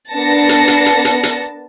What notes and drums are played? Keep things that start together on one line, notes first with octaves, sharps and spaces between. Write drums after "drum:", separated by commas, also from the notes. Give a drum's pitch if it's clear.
B3 D4 A#4 A5 A#6 C#7
drum: hi-hat
drum: hi-hat
drum: hi-hat
drum: hi-hat
drum: hi-hat